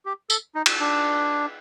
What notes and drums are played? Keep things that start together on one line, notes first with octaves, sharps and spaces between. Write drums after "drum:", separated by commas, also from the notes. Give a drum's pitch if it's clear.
G4
A4, drum: tambourine
D#4
drum: cymbal
D4